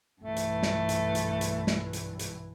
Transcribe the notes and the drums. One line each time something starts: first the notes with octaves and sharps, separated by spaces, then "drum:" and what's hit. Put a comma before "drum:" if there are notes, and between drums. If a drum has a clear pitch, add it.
B1 G2 E3 A3
drum: hi-hat
drum: snare
drum: hi-hat
drum: hi-hat
drum: hi-hat
drum: snare
drum: hi-hat
drum: hi-hat